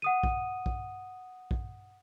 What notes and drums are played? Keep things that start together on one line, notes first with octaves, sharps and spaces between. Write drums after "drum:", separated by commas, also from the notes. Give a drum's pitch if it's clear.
F#5 D#6 D#7
drum: kick
drum: kick
drum: kick